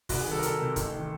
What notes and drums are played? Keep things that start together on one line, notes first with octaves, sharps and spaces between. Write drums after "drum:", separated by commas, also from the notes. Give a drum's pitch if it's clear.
C2 F#4, drum: kick, open hi-hat
G#4
C3 D#3
A4
A#4
C2 A4, drum: hi-hat
C3 D#3
A1, drum: kick, hi-hat
D#3